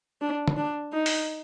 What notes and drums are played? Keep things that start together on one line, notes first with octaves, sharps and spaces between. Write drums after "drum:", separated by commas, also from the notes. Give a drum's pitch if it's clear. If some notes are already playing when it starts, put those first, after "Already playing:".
D4
drum: tom
D4
D#4
drum: open hi-hat